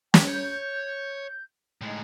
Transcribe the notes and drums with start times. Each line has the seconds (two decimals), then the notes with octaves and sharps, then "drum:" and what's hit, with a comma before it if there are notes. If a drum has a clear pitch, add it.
0.14 G5 C#6 D6, drum: snare
0.28 C#5 G6
1.81 A2 G#3 D#4